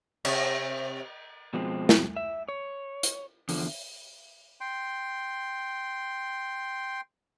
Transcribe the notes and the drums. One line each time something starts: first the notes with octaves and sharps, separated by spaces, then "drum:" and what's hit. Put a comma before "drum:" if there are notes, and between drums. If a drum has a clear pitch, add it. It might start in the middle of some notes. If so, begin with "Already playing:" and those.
C3 C#5 E5, drum: cymbal
B2 F3 G#3 C4
drum: snare
E5
C#5
drum: hi-hat
E2 D3 F3, drum: open hi-hat
G5 C6